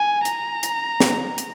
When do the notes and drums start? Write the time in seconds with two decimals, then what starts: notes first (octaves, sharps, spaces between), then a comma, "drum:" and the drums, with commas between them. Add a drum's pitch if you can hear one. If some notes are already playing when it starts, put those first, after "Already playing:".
Already playing: G#5
0.25 A#5, drum: hi-hat
0.63 drum: hi-hat
1.00 drum: snare
1.38 drum: hi-hat